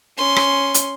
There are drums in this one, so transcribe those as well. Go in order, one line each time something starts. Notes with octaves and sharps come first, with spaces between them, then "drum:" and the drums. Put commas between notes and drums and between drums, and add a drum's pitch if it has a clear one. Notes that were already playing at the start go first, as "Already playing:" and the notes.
C#4 C6
drum: rim click
drum: hi-hat